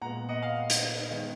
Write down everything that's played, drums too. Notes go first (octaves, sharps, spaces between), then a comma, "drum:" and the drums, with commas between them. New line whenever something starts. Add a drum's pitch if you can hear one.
A#2 G#3 B3 F#5 A#5
D#5 F#5
F5
drum: hi-hat
D#3 G#3 B3